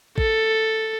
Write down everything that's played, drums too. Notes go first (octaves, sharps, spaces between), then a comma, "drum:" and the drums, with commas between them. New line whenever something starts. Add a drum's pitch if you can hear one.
A4, drum: kick A1